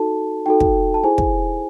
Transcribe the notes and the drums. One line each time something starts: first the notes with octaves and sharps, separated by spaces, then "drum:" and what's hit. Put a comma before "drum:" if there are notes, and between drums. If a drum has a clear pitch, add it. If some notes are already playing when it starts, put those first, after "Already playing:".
Already playing: D#4 F#4 A4 A5
D#4 F#4 A4 G5
drum: kick
A5
E4 G#4 C5 G#5
drum: kick